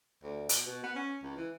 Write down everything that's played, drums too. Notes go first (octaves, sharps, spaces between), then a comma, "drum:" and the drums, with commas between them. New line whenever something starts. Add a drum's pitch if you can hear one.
D2
B2, drum: hi-hat
B2
B3
C#4
C#2
E3